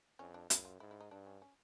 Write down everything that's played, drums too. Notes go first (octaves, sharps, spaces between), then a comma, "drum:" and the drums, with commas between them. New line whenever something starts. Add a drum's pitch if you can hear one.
F2 C#4
D4
F#2 E4, drum: hi-hat
F4
G#2 E4
E4
D#4
G2 D4
C#4
C#4